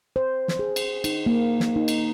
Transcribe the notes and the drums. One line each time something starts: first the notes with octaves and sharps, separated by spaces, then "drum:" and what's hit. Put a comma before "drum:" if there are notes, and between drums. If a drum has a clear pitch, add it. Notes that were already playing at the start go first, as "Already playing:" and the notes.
C5
drum: snare
G#4
drum: cymbal
D#4, drum: cymbal
A#3
drum: snare
D#4
drum: cymbal